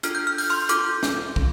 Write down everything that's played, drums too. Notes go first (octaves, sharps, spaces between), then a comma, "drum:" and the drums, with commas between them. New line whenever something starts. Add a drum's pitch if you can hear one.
D4 F4 A4 F6, drum: hi-hat
G6
F6
G6, drum: open hi-hat
C6 F6
D4 F4 A4 D6 G6, drum: hi-hat
drum: snare
A3 C4, drum: kick